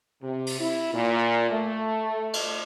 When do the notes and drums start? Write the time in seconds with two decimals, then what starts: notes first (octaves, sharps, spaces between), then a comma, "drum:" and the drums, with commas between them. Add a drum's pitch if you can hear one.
0.22 C3
0.47 drum: open hi-hat
0.60 E4
0.93 A#2
1.49 A3
2.33 drum: cymbal